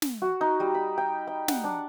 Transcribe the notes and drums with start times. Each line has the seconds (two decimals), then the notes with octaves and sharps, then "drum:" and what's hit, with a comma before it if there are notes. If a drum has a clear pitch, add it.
0.02 drum: snare
0.22 F#4
0.41 D#4
0.60 G3
0.75 B5
0.98 G5
1.27 G5
1.48 F#5, drum: snare
1.64 D4